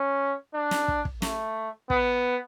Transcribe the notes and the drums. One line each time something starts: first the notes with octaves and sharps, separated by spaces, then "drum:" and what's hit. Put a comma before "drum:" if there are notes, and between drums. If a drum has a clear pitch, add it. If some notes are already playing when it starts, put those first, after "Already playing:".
Already playing: C#4
D4
drum: snare
drum: kick
drum: kick
A3, drum: snare
B3, drum: kick